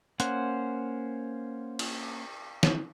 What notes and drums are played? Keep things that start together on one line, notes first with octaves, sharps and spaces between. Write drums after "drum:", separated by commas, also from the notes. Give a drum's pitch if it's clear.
A#3 C#4 C5 F#5, drum: hi-hat
drum: cymbal
drum: snare